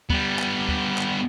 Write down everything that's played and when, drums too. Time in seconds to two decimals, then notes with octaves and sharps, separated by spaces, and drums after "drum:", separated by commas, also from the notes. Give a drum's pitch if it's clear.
0.10 G3 B3, drum: kick D2
0.39 drum: clap
0.69 drum: kick D2
0.98 drum: clap